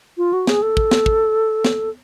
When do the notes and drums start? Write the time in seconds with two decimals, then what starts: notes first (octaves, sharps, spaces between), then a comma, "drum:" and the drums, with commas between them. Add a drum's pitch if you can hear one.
0.18 F4
0.33 F#4
0.47 G#4, drum: snare
0.62 A4
0.77 drum: kick
0.91 drum: snare
1.06 drum: kick
1.65 drum: snare